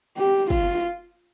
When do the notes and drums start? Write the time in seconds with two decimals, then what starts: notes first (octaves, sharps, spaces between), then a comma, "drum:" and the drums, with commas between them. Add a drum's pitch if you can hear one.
0.17 G4
0.50 F4, drum: kick